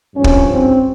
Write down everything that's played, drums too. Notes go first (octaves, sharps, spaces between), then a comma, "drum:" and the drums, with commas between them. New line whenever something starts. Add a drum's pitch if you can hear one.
G#1 G2 F3 C#4
drum: kick
C4